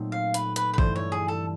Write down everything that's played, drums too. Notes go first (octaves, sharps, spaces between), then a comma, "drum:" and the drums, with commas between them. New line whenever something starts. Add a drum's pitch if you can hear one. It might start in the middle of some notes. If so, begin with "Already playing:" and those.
Already playing: A#2 F#3 A3 C4 D#4
F5
B4, drum: hi-hat
B4, drum: hi-hat
B4
G2 E3 A3 C5, drum: kick G#1
C#5
G#4
A4